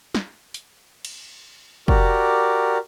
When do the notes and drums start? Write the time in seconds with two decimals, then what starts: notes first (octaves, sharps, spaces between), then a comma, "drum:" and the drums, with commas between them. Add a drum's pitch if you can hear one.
0.15 drum: snare
0.54 drum: hi-hat
1.05 drum: cymbal
1.88 F#4 G4 A#4 D5, drum: kick